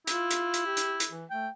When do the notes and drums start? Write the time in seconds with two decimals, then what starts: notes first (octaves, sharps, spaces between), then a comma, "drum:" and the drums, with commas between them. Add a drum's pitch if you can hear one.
0.07 E4 F4, drum: hi-hat
0.31 drum: hi-hat
0.54 drum: hi-hat
0.66 G4
0.77 drum: hi-hat
1.00 drum: hi-hat
1.11 E3
1.31 A3 G5